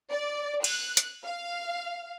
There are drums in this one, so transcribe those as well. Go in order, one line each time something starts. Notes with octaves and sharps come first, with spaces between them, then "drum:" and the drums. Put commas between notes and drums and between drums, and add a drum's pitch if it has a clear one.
D5
F#6, drum: cymbal
drum: hi-hat
F5